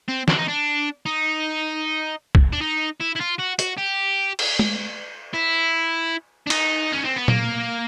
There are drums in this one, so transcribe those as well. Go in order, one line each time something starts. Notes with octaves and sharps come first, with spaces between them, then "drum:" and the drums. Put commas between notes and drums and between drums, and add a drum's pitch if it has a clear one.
C4
D4, drum: snare
D#4
D4
D#4
drum: kick C2
D4
D#4
E4
E4
F4
F#4
F#4, drum: hi-hat
G4
drum: cymbal
drum: tom G#3
E4
D4
D#4, drum: cymbal
C#4
C4
B3
A#3, drum: tom A#2